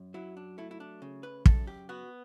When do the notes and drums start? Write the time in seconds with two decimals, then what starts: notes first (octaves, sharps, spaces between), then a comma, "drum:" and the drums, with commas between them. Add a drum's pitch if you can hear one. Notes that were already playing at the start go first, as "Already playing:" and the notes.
Already playing: F#2
0.14 F#3 E4
0.37 D4
0.58 A3 E4
0.71 E4
0.80 D4
1.02 C#3
1.23 B4
1.46 F#2 A4, drum: kick
1.67 G4
1.89 B3 F#4